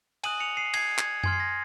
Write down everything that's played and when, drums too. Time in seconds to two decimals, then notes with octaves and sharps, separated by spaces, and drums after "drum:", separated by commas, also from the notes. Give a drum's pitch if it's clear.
0.24 G#5 D#6 F#6 D#7 F#7, drum: cymbal
0.40 C#7 F7
0.57 C7 D#7
0.74 G#6 C7, drum: cymbal
0.98 G#6 C7, drum: clap
1.24 G#5 C6 F6 G#6, drum: tom F#2
1.33 C7
1.40 A#6